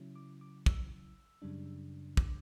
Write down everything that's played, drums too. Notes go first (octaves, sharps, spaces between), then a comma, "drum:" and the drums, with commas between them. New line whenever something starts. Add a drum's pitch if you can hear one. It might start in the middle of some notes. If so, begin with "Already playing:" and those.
Already playing: C#3 F#3 C#4 E4
D6
D6
E6, drum: kick
F#2 C#3 G3 D4
D6, drum: kick